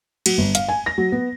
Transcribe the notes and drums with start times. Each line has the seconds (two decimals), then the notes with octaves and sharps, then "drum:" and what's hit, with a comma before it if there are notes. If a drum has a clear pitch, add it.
0.26 F#3, drum: cymbal
0.38 G1
0.55 F5, drum: hi-hat
0.69 G#5
0.86 A#6
0.98 F#3
1.12 B3